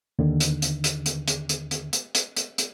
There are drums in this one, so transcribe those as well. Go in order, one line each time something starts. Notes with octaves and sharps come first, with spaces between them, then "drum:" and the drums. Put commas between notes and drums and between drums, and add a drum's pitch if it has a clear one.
D#2 D3 D#3
drum: hi-hat
drum: hi-hat
drum: hi-hat
drum: hi-hat
drum: hi-hat
drum: hi-hat
drum: hi-hat
drum: hi-hat
drum: hi-hat
drum: hi-hat
drum: hi-hat